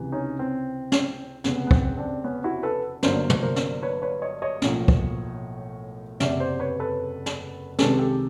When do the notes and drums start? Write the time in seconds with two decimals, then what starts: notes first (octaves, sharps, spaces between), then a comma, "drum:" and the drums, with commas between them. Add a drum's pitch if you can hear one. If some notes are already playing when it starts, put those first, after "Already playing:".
Already playing: C#2 C3 E3
0.12 C#4 D#4
0.39 C4
0.92 drum: snare
1.44 F1 E2 C#3 B3, drum: snare
1.67 B3
1.71 C4, drum: kick
1.97 C4 D4
2.24 B3 C#4
2.44 E4 F#4
2.63 A4 B4
3.03 G1 G2 D3 F#3 A#3 A#4 C5, drum: snare
3.30 drum: tom
3.42 A#4 C5
3.56 drum: snare
3.83 B4 C#5
4.02 B4 C#5
4.22 C#5 D#5
4.42 C#5 D#5
4.62 B1 A2 F3 A#3, drum: snare
4.88 drum: kick
6.20 F#1 E2 C3 D5 E5, drum: snare
6.40 C5 D5
6.60 B4 C#5
6.80 A4 B4
7.26 drum: snare
7.79 C2 C3 D#3 G#3 A4 B4, drum: snare
7.99 G4 A4